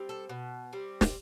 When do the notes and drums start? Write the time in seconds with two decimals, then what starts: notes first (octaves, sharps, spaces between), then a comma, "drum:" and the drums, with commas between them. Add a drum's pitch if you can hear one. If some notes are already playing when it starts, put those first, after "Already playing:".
Already playing: G3 C4
0.09 A4
0.29 B2
0.73 G3 C4
1.01 drum: snare